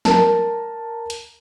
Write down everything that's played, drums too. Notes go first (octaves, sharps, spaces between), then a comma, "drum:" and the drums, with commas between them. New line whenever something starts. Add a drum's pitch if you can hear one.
A#4 A5, drum: snare
drum: hi-hat